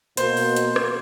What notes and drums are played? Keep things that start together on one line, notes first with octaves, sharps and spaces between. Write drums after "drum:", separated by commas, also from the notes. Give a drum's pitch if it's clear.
B2 A#3 C5, drum: hi-hat
drum: open hi-hat
drum: hi-hat
drum: rim click